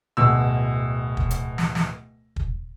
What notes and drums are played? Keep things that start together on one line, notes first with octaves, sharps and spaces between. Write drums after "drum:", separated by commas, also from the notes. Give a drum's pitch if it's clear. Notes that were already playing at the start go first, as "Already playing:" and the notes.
D1 B2 E6
drum: kick
drum: hi-hat
drum: snare
drum: snare
drum: kick